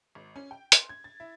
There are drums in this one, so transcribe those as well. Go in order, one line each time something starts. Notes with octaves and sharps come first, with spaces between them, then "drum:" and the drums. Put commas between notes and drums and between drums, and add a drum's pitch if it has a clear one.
G#1
C#4
G5
C6, drum: hi-hat
G#6
A6
E4